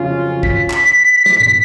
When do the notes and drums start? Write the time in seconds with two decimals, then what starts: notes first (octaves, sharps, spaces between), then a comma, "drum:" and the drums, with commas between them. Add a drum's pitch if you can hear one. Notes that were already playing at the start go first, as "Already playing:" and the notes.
Already playing: F2 C#3 F#3 C#4 F4
0.43 B6, drum: kick
0.70 drum: clap
1.26 drum: snare
1.40 drum: tom A2